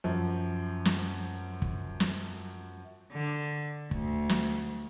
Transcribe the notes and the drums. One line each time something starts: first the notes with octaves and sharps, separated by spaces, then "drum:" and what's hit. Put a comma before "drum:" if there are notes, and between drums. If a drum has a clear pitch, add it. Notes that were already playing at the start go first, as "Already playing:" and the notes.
F#2 F3
drum: snare
drum: kick
drum: snare
D3
D2, drum: kick
drum: snare